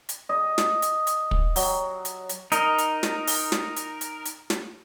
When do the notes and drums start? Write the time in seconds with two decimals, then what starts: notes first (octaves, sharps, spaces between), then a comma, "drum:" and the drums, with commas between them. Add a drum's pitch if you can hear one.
0.09 drum: hi-hat
0.29 D#5
0.58 drum: snare
0.82 drum: hi-hat
1.07 drum: hi-hat
1.31 drum: kick
1.56 F#3, drum: open hi-hat
2.05 drum: hi-hat
2.29 drum: hi-hat
2.52 D#4 A#4, drum: hi-hat
2.78 drum: hi-hat
3.03 drum: snare
3.27 drum: open hi-hat
3.52 drum: snare
3.76 drum: hi-hat
4.01 drum: hi-hat
4.25 drum: hi-hat
4.50 drum: snare